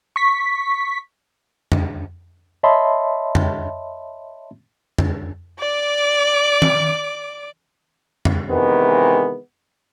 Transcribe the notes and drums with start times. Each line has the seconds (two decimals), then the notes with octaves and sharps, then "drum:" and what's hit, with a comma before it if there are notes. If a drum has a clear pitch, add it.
0.16 C#6 B6
1.72 drum: tom F2
2.63 C#5 D#5 E5 A5 B5 C6
3.35 drum: tom F2
4.98 drum: tom F2
5.60 D5 D6
6.62 drum: tom D#3
8.25 drum: tom F2
8.50 C3 D#3 E3 G#3 B3